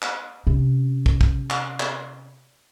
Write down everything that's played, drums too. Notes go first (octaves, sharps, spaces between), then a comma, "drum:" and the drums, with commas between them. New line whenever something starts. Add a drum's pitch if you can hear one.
drum: clap
C3 C#4
drum: kick
drum: kick
drum: clap
drum: clap